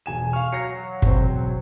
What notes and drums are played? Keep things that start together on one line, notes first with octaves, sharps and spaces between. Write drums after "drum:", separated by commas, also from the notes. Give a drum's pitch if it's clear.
E1 G#5 E7
F5 C#6 F6
F#3 A#6 C7 C#7
E1 C4 C5, drum: kick